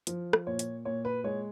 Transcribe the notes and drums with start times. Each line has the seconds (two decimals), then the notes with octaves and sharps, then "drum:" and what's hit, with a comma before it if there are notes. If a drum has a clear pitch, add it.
0.07 F3, drum: hi-hat
0.33 drum: rim click
0.47 A#2 C#5
0.59 drum: hi-hat
0.85 A#2 C#5
1.05 B4
1.24 G#3 C#5